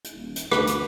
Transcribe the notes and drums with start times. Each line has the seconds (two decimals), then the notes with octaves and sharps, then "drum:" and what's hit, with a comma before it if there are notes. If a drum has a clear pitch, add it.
0.04 drum: hi-hat
0.15 D#1
0.36 drum: hi-hat
0.51 D2 B4, drum: rim click
0.67 drum: hi-hat